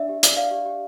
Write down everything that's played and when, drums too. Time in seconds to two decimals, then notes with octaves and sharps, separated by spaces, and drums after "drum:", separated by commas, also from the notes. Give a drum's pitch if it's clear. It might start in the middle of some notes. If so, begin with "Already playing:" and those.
Already playing: D4 D5 E5
0.09 G4
0.23 D5, drum: hi-hat
0.37 D5 F5
0.51 G4
0.66 G4